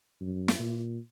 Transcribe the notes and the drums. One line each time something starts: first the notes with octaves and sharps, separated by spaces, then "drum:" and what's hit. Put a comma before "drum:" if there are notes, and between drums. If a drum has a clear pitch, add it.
F#2
drum: snare
A#2